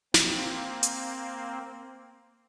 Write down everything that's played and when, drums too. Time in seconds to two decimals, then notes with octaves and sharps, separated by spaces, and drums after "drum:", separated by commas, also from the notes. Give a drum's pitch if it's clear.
0.14 A#3 C4, drum: snare
0.83 drum: hi-hat